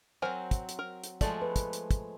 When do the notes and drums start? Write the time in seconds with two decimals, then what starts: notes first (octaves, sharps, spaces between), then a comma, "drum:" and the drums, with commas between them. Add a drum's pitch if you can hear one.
0.22 F#3 C4 A#4 C5 G#5
0.51 drum: kick, hi-hat
0.69 drum: hi-hat
0.79 A#4
1.04 drum: hi-hat
1.21 F3 G#3 A3 D5, drum: kick, hi-hat
1.42 B4
1.56 drum: kick, hi-hat
1.73 drum: hi-hat
1.91 drum: kick, hi-hat